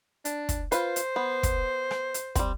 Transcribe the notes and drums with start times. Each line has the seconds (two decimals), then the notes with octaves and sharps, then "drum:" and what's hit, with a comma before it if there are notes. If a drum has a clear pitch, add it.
0.25 D4, drum: hi-hat
0.49 drum: kick, hi-hat
0.72 F4 B4 C5, drum: hi-hat
0.96 drum: hi-hat
1.16 B3
1.43 drum: kick, hi-hat
1.91 drum: rim click
2.14 drum: hi-hat
2.35 G3 C4, drum: kick, hi-hat